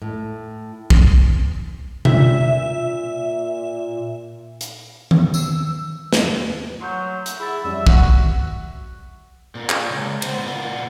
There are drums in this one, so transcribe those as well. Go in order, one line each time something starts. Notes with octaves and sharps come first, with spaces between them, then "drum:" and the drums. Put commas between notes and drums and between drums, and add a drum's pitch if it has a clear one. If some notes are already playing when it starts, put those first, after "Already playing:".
A2
drum: kick
A#2 E5, drum: tom B2
drum: hi-hat
drum: tom D#3
E6, drum: tambourine
drum: snare
F#3 C6 G6
drum: hi-hat
E4 G#4 F#5 A6
F2 G3 C#4 E5
G#1 F#4 F#5, drum: kick
A#2
drum: clap
C#2
B3 C5, drum: cymbal
A#2 B3